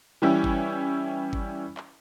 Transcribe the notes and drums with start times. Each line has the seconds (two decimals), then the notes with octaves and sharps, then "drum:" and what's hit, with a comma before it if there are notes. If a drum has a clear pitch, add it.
0.22 E3 G3 C#4 E4
0.44 drum: kick G1
1.33 drum: kick G1
1.77 drum: clap